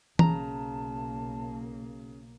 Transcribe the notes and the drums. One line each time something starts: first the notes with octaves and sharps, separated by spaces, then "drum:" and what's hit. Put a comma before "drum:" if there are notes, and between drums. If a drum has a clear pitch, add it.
B1 C#3 A#3 A5 A#5, drum: tom E3